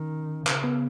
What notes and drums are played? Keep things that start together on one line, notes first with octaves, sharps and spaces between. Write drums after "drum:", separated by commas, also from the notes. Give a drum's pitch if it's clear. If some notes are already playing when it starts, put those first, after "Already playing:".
Already playing: D#3 C#4
C#3, drum: clap
B3